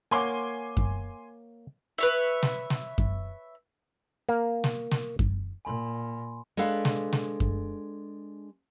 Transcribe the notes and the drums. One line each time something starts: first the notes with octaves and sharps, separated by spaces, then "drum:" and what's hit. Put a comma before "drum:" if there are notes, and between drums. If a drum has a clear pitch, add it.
A#3 C#5 F#5 G#5 C6 D6
drum: kick F#2
B4 C#5 E5
drum: snare
drum: snare
drum: kick F#2
A#3
drum: snare
drum: snare
drum: kick F#2
A#2 G#5 B5 C6
G#3 D4 A4 B4 F5
drum: snare
drum: snare
drum: kick F#2